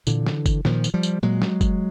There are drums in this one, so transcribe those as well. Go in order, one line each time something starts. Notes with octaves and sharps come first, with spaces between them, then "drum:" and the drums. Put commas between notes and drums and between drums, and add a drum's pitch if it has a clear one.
A#2 D3 E3, drum: tambourine
drum: snare
drum: kick, tambourine
A#2 D#3 F3, drum: snare
drum: tambourine
F3 G3
drum: tambourine
A#2 F#3 G#3
drum: snare
drum: kick, tambourine